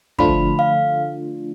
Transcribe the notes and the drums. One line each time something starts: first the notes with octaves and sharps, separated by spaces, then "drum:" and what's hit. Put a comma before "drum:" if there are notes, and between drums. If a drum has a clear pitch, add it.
D3 F3 A3 D4 F4 B5, drum: kick
F5